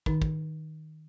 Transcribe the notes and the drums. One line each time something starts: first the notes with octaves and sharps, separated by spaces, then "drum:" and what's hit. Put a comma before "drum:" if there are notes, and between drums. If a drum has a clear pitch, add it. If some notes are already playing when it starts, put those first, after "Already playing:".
D#3 D#4, drum: kick
drum: kick